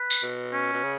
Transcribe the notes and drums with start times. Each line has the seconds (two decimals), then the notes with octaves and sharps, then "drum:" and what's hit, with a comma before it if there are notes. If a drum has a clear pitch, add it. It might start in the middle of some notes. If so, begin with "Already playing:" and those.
Already playing: B4
0.10 drum: tambourine
0.23 B2
0.53 C#4
0.73 B2
0.83 C#3